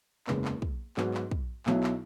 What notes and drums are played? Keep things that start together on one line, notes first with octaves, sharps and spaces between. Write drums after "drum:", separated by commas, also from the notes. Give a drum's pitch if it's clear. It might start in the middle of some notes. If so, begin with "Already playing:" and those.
F#1 E2 C#3 G#3 B3, drum: clap
drum: clap
drum: kick
G#2 F#3 B3 F#4, drum: clap
drum: clap
drum: kick
B1 B2 F#3 E4, drum: clap
drum: clap